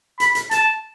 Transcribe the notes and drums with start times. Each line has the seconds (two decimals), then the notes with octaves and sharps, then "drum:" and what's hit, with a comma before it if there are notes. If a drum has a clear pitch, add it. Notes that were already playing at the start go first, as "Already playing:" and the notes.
0.20 B5, drum: hi-hat
0.35 drum: hi-hat
0.51 A5, drum: hi-hat